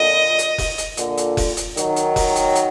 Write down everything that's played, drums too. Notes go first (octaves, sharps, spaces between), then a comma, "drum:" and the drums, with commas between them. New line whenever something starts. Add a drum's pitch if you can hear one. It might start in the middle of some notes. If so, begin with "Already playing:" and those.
Already playing: A#2 D3 D#5
drum: hi-hat
drum: kick F1, open hi-hat
drum: hi-hat
A#2 D3, drum: hi-hat
drum: hi-hat
drum: kick F1, open hi-hat
drum: hi-hat
D#3 F#3, drum: hi-hat
drum: hi-hat
drum: kick F1, open hi-hat
drum: hi-hat
drum: hi-hat